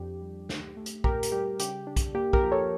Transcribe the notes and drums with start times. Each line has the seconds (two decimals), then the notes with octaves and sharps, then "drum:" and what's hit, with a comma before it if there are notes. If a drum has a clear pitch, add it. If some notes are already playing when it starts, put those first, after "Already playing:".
Already playing: F2 D4 G4
0.21 G3
0.49 A3, drum: snare
0.77 A3
0.86 drum: hi-hat
1.04 A#2 G4 A#4, drum: kick
1.23 drum: hi-hat
1.32 G3 G4
1.59 C#3 G4, drum: hi-hat
1.87 D4
1.96 drum: kick, hi-hat
2.15 A#3 G4
2.33 G4 A#4, drum: kick
2.43 F3
2.52 A4 C#5